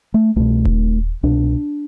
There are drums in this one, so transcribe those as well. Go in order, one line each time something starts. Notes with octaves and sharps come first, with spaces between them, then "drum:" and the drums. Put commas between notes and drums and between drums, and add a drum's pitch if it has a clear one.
A3
C2 B2 A3
drum: kick D#1
C2 B2 D4